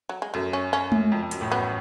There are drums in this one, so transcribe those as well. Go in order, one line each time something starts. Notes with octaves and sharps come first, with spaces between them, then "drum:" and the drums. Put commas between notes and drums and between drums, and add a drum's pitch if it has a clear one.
F#3
G#3
F#2 A3
C#4
C#4
drum: tom G#3
F2
F2
F#2, drum: hi-hat
A1 A2
F#2 B3